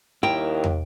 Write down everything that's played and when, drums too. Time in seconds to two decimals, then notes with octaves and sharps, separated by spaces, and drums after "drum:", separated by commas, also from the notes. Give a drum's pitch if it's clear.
0.23 D#2 E4 A#4 G5
0.64 drum: tom